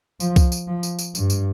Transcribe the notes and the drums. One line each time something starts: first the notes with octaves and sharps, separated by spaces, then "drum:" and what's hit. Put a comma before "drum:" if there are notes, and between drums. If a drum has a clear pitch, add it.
F3, drum: tambourine
drum: kick C2, tambourine
drum: tambourine
F3
drum: tambourine
drum: tambourine
G2, drum: tambourine
drum: tambourine